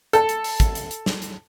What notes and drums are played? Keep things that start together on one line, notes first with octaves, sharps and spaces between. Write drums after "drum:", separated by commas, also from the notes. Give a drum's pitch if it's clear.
A4, drum: hi-hat
drum: hi-hat
drum: open hi-hat
drum: kick, hi-hat
drum: hi-hat
drum: hi-hat
drum: snare
drum: hi-hat